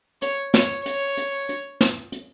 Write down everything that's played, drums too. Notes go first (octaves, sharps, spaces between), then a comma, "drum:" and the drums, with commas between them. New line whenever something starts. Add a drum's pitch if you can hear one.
C#5, drum: hi-hat
C#5, drum: snare
C#5, drum: hi-hat
drum: hi-hat
drum: hi-hat
drum: snare
drum: hi-hat